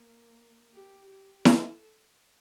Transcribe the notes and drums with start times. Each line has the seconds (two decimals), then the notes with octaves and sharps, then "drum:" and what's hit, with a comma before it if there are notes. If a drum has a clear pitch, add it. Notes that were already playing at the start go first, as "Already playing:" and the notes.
Already playing: A#3
0.74 G4
1.10 G4
1.45 A4, drum: snare E4